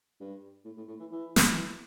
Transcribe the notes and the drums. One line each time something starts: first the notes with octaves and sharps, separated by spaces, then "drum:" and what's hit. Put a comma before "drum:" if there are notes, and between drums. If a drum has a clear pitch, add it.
G2
A2
A2
A2
E3
E3
drum: snare
E3